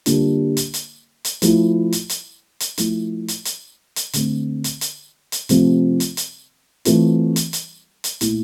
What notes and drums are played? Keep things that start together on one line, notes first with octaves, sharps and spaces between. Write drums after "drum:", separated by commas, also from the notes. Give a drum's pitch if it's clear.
D3 G3 A#3 D4 F4, drum: hi-hat
drum: hi-hat
drum: hi-hat
drum: hi-hat
F3 A3 E4, drum: hi-hat
drum: hi-hat
drum: hi-hat
drum: hi-hat
F3 A3 E4, drum: hi-hat
drum: hi-hat
drum: hi-hat
drum: hi-hat
D3 A3 C4, drum: hi-hat
drum: hi-hat
drum: hi-hat
drum: hi-hat
C3 F3 A3 C4, drum: hi-hat
drum: hi-hat
drum: hi-hat
E3 A3 C4 F4, drum: hi-hat
drum: hi-hat
drum: hi-hat
drum: hi-hat
A#2 A3 E4, drum: hi-hat